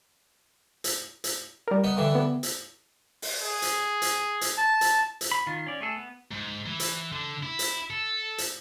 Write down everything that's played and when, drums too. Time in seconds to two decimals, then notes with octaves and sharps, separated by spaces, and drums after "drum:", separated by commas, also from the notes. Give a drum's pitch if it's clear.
0.84 drum: hi-hat
1.24 drum: hi-hat
1.68 G3 A#4
1.84 B3 D#4
1.97 G2 D3 E3
2.15 B3
2.43 drum: hi-hat
3.22 drum: open hi-hat
3.42 G#4
3.62 drum: hi-hat
4.02 drum: hi-hat
4.41 drum: hi-hat
4.58 A5
4.81 drum: hi-hat
5.21 drum: hi-hat
5.31 B5
5.47 D#3 F4
5.66 C#4 D5
5.81 A3 G#4 A4
5.96 B3
6.31 G#2
6.66 E3
6.80 drum: hi-hat
7.13 D3
7.43 E4
7.59 drum: hi-hat
7.90 A4
8.38 drum: hi-hat